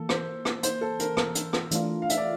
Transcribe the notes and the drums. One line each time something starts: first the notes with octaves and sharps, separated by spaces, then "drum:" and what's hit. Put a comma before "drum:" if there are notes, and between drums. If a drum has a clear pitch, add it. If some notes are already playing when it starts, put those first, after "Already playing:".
Already playing: E3 A#3 A4
C5, drum: rim click
drum: rim click
C5, drum: hi-hat
A4
A#4, drum: hi-hat
A#4, drum: rim click
drum: hi-hat
drum: rim click
E3 A3 D4 F4, drum: hi-hat
F5
E5, drum: hi-hat
D5